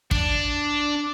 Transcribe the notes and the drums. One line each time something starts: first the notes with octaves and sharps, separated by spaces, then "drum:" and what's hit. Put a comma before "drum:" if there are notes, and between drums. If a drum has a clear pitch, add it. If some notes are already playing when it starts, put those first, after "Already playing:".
D4, drum: kick